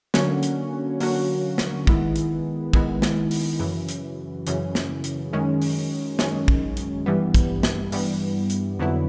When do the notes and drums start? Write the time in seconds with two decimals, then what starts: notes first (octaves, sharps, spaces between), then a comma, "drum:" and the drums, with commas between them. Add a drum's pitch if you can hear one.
0.14 D3 F#3 A#3 C#4 F#4, drum: snare
0.43 drum: hi-hat
1.00 D3 F#3 A#3 C#4 F#4, drum: open hi-hat
1.58 drum: snare
1.87 D#3 G#3 B3 E4, drum: kick
2.16 drum: hi-hat
2.73 D#3 G#3 B3 E4, drum: kick
3.02 drum: snare
3.31 drum: open hi-hat
3.59 F#2 C#3 E3
3.89 drum: hi-hat
4.47 F#2 C#3 E3, drum: hi-hat
4.75 drum: snare
5.04 drum: hi-hat
5.33 F#2 D#3 G#3 C#4
5.62 drum: open hi-hat
6.19 F#2 D#3 G#3 C#4, drum: snare
6.48 drum: kick
6.77 drum: hi-hat
7.06 G2 E3 G3 B3
7.34 drum: kick, hi-hat
7.63 drum: snare
7.92 G2 E3 G3 B3, drum: open hi-hat
8.50 drum: hi-hat
8.79 F2 D3 F#3 B3 E4